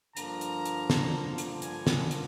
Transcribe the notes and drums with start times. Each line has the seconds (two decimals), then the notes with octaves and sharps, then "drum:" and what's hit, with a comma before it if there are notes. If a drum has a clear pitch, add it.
0.17 G2 D3 F3 A#3 A#5, drum: hi-hat
0.41 drum: hi-hat
0.65 drum: hi-hat
0.90 drum: snare
1.38 drum: hi-hat
1.62 G#5, drum: hi-hat
1.87 drum: snare
2.11 drum: hi-hat